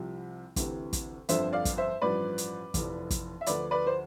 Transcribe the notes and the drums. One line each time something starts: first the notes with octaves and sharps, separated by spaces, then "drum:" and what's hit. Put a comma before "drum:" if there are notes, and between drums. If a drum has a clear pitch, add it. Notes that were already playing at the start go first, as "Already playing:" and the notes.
Already playing: C2 C3 F3
D2 C3 E3, drum: kick, hi-hat
drum: kick, hi-hat
G1 F2 D3 F3 C5 E5, drum: hi-hat
D5 F5
drum: kick, hi-hat
C5 E5
A1 G2 F3 B4 D5
drum: hi-hat
F1 F2 E3, drum: kick, hi-hat
drum: kick, hi-hat
E5
D2 D3 F3 B4 D5, drum: hi-hat
B4 D5
C5